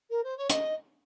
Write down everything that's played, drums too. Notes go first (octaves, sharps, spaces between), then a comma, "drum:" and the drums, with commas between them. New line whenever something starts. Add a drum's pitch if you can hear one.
A#4
C5
C#5
D#5, drum: hi-hat